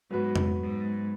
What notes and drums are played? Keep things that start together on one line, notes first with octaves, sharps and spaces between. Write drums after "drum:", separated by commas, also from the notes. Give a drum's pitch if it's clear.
G#2 F#3 B3 F#4 B4
drum: tom F2
G#2